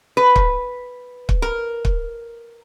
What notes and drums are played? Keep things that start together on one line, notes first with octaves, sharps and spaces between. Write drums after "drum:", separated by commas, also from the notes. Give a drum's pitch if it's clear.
B4
drum: kick
drum: kick
A#4
drum: kick